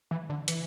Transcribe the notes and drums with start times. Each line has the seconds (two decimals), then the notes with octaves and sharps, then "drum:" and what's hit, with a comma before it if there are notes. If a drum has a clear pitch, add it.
0.11 E3
0.29 D3
0.48 E3, drum: hi-hat